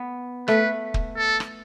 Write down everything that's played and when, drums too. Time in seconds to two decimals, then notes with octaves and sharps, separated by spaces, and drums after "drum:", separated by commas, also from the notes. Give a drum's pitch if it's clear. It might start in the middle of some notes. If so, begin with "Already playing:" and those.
Already playing: B3
0.48 A3 B4, drum: rim click
0.94 drum: kick
1.17 A4
1.40 drum: rim click